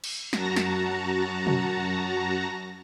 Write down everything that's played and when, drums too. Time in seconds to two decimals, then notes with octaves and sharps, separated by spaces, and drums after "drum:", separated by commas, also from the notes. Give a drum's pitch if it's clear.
0.04 drum: cymbal
0.33 F#2 F#4 A5 A#5 A#6, drum: snare
0.56 drum: snare
1.47 drum: tom B2